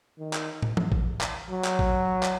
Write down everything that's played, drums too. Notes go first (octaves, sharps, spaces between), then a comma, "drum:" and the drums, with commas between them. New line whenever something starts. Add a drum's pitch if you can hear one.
D#3
drum: clap
drum: tom
drum: tom E3
drum: kick A1
drum: clap
F#3
drum: clap
drum: kick A1
drum: clap